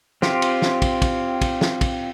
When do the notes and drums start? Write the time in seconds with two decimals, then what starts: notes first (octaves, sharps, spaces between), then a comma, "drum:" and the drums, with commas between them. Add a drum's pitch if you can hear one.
0.22 C4 F4 G4, drum: snare
0.42 drum: cymbal
0.62 drum: snare
0.82 drum: kick, cymbal
1.02 drum: kick, cymbal
1.41 drum: kick, cymbal
1.61 drum: snare
1.81 drum: kick, cymbal